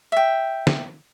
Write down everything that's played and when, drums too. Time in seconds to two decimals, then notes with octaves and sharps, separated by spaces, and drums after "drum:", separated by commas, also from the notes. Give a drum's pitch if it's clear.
0.12 E5 G5
0.67 drum: snare